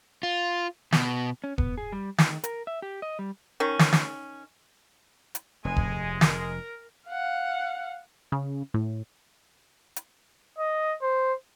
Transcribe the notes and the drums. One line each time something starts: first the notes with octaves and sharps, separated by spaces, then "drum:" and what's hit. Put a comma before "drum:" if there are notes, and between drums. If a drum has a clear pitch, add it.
F4
B2, drum: snare
C#4
B3, drum: kick E1
G#4
G3
D#3, drum: snare
A#4, drum: hi-hat
E5
G4
D#5
G3
D#3 C#4
drum: snare
drum: snare
drum: hi-hat
F1 G#3 G#5
drum: kick E1
A#4, drum: snare
F5 F#5
C#3
A2
drum: hi-hat
D#5
C5